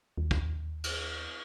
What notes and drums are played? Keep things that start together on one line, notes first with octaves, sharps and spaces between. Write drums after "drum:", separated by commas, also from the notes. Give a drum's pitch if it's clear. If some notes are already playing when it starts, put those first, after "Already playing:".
D#2
drum: kick
drum: cymbal